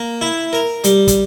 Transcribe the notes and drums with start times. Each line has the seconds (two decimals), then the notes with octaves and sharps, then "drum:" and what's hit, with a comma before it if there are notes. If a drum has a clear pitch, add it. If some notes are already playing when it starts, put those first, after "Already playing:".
Already playing: A#3
0.21 E4
0.53 A#4
0.84 G3, drum: hi-hat
1.08 drum: kick, hi-hat